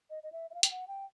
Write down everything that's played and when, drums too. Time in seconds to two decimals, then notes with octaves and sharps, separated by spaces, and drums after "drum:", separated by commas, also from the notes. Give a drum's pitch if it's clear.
0.10 D#5
0.23 D#5
0.32 E5
0.51 E5
0.54 F5
0.63 G5, drum: hi-hat
0.71 F#5
0.88 G5